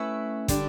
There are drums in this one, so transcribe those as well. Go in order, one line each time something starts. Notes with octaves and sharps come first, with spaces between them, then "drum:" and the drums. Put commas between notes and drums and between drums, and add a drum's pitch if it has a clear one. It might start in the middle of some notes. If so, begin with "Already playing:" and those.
Already playing: A3 C#4 E4 B4 E5
D3 G3 D4 G4, drum: kick, hi-hat